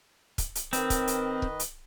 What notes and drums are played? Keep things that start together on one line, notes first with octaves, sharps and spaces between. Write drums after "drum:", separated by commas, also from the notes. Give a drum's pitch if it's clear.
drum: kick, hi-hat
drum: hi-hat
D#3 C4 A#4 B4 D#5, drum: hi-hat
drum: kick, hi-hat
drum: hi-hat
drum: kick
drum: hi-hat